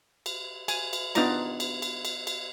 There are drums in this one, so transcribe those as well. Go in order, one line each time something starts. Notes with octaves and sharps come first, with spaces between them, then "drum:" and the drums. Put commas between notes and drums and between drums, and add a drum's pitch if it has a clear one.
drum: cymbal
G#5, drum: cymbal
drum: cymbal
B3 D4 D#4 F4 D5 A#5, drum: cymbal
drum: cymbal
drum: cymbal
drum: cymbal
drum: cymbal